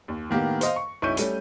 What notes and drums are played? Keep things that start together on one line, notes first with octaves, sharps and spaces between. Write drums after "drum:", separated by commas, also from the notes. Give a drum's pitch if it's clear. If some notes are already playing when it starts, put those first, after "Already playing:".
D#2
A2 D#3 A#3 B3 G4
C5 D#5 F5, drum: hi-hat
C#6
B1 C#4 E4 C#6 G6 D#7
G3 A3 C#4, drum: hi-hat